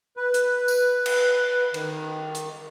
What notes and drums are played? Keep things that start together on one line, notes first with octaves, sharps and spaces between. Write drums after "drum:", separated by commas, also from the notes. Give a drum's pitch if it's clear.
B4
drum: hi-hat
drum: tambourine
drum: cymbal
D#3, drum: cymbal
drum: hi-hat